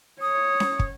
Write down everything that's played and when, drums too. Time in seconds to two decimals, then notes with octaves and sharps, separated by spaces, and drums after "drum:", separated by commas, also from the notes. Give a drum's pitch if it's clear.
0.22 C#5 D#6
0.60 drum: snare C#4
0.79 drum: kick